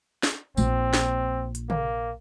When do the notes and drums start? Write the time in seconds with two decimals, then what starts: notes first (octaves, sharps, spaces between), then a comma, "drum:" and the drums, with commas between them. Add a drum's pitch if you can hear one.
0.23 drum: snare
0.57 A#1 C4 F4, drum: tambourine
0.94 drum: snare
1.55 drum: hi-hat
1.70 A#3, drum: tom